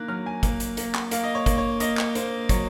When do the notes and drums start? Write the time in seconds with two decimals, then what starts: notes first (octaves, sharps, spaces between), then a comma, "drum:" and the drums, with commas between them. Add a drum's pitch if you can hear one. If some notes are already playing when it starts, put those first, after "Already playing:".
Already playing: D#3 A#3 F#6
0.08 F#3 F6
0.26 G#5
0.43 A#3, drum: kick, hi-hat
0.60 drum: hi-hat
0.77 A#3, drum: hi-hat
0.94 drum: clap
1.11 A#3 F5, drum: hi-hat
1.24 D#5
1.35 C#5
1.46 A#3, drum: kick, hi-hat
1.57 C#5
1.80 A#3 D#5, drum: hi-hat
1.98 drum: clap
2.15 A#3 C5, drum: hi-hat
2.49 F#3 C#5, drum: kick, hi-hat